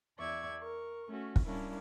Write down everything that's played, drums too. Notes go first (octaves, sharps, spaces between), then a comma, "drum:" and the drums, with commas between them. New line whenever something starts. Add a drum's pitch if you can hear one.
E2 D5 E5 C#6 G#6
A#4 C#6
A3 C#4 F#4
drum: kick
G3 A#3 C#4 D4 E4